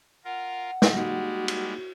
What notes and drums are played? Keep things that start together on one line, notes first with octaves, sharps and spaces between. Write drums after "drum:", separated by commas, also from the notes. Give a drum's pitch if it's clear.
F4 A#4 F#5
drum: snare
G3 G#3 A#3 D#4 F#4
drum: cymbal